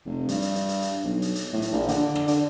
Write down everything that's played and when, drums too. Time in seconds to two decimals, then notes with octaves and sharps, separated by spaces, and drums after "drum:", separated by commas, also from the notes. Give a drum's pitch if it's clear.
0.05 F1
0.29 G2, drum: hi-hat
0.42 drum: hi-hat
0.55 drum: hi-hat
0.69 drum: hi-hat
0.82 drum: hi-hat
1.04 B1
1.22 drum: hi-hat
1.35 drum: hi-hat
1.53 A2
1.62 drum: hi-hat
1.72 A#1
1.88 D3, drum: hi-hat
2.15 drum: rim click
2.28 D3, drum: hi-hat